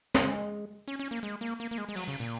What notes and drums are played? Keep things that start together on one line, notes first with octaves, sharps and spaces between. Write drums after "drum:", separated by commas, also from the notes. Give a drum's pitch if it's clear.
G#3, drum: snare
C#4
C#4
A#3
G#3
A#3
A#3
A#3
G#3
G#3
F#3, drum: open hi-hat
C#3
A#2